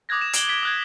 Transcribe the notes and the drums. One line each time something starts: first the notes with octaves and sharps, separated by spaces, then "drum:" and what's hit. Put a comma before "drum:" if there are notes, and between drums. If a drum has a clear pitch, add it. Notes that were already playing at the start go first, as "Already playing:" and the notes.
D6 D#6 F#6 G#6 A#6
E7
C7 D7 F#7 G7, drum: hi-hat
G#6 B6 D7 G7
D#6 F#6 G#6